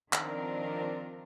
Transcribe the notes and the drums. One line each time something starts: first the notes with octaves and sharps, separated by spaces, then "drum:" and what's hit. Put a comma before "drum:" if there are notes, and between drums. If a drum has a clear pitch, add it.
D#3 F3 C4 D4 F4 A#4, drum: clap